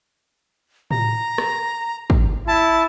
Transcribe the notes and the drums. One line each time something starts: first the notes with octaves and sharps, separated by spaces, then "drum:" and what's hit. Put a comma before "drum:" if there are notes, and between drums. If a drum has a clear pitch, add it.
A#5, drum: tom A2
drum: rim click
drum: kick
E4 A5